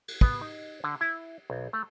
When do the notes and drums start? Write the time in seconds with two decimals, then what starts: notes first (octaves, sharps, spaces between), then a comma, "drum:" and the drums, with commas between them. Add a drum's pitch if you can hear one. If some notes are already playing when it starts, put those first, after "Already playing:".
0.08 drum: cymbal
0.21 B3, drum: kick
0.41 D#4
0.84 D3
1.01 E4
1.50 B1
1.73 A3